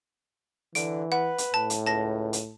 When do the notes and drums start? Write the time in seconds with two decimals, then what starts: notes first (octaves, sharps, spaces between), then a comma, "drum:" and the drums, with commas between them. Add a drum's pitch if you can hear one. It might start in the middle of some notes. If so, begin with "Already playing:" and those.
0.75 D3 E3 D7, drum: hi-hat
1.12 B4 F#5
1.38 drum: hi-hat
1.54 A2 A5
1.70 drum: hi-hat
1.87 C#2 A5 A#6
2.33 drum: hi-hat